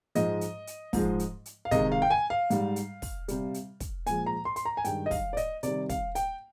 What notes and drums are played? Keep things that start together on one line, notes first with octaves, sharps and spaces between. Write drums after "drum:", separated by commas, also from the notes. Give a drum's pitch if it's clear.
G#2 F3 G#3 D#5, drum: hi-hat
drum: hi-hat
drum: hi-hat
G#2 F3 G#3, drum: kick, open hi-hat
drum: hi-hat
drum: hi-hat
F5
C3 D#3 G#3 D#5, drum: kick, hi-hat
F5
G5
G#5
F5
G#2 G3, drum: hi-hat
drum: hi-hat
drum: kick, open hi-hat
C3 G3, drum: hi-hat
drum: hi-hat
drum: kick, hi-hat
A#2 F3 G#3 G#5, drum: hi-hat
A#5
C6
C6, drum: hi-hat
A#5
G#5
G2 D#3 G#3 G5, drum: hi-hat
D#5
F5, drum: kick, open hi-hat
D5
D#5, drum: hi-hat
C3 D#3 G3 D5, drum: hi-hat
F5, drum: kick, hi-hat
G5, drum: hi-hat